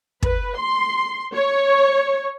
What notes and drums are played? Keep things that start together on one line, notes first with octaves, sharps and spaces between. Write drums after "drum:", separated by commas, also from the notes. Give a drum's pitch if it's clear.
B4, drum: kick
C6
C#5